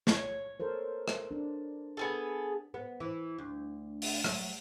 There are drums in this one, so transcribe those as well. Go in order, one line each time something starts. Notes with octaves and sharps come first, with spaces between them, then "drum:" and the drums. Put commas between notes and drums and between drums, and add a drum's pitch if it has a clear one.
C#5, drum: snare
A4 A#4 C5
drum: rim click
D4
B3 G#4 A4
B3
E3
D2
drum: open hi-hat
F#3, drum: rim click